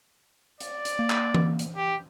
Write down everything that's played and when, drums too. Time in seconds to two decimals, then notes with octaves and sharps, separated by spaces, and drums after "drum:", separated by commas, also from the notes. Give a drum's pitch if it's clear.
0.60 D5, drum: hi-hat
0.85 drum: hi-hat
0.99 A#3
1.10 drum: clap
1.34 drum: tom E3
1.59 drum: hi-hat
1.76 G4